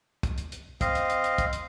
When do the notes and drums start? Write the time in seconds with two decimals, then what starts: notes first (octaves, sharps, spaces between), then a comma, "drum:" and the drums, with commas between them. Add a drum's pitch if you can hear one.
0.23 drum: kick, hi-hat
0.38 drum: hi-hat
0.52 drum: hi-hat
0.81 C4 D#5 F5, drum: kick, hi-hat
0.95 drum: hi-hat
1.10 drum: hi-hat
1.24 drum: hi-hat
1.38 drum: kick, hi-hat
1.53 drum: hi-hat